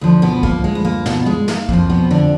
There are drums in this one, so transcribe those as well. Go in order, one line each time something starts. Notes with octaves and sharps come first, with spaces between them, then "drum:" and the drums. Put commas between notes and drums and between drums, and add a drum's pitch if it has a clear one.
D2 D3 F3
B2 B3
A#3, drum: kick C2
G#3
B3
A#3
B2 B3, drum: snare
G#3
A#3, drum: snare
F2 F3 A#3, drum: kick C2
B2 B3
D3 D4